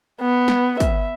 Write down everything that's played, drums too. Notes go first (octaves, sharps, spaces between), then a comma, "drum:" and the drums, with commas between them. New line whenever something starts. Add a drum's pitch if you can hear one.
B3
drum: snare
E5, drum: kick, hi-hat